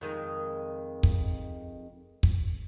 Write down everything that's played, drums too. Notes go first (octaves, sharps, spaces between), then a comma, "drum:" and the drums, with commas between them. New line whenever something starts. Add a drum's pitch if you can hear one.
F2 D#3 G#3
drum: kick
drum: kick